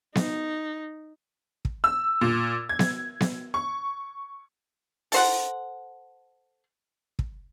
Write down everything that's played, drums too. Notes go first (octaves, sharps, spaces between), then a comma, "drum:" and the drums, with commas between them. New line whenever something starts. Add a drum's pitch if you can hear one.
D#4, drum: snare B3
drum: kick
E6
A#2
G#6
drum: snare B3
drum: snare B3
C#6
A4 C5 F#5, drum: open hi-hat
drum: kick